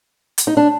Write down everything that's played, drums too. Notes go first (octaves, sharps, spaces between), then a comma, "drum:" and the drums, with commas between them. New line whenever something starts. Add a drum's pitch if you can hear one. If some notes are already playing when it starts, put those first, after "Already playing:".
drum: hi-hat
D#4
D4